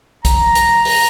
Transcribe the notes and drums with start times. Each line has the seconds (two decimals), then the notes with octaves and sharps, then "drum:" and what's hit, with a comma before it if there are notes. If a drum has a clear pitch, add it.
0.25 A#5, drum: kick, hi-hat
0.55 drum: hi-hat
0.85 drum: open hi-hat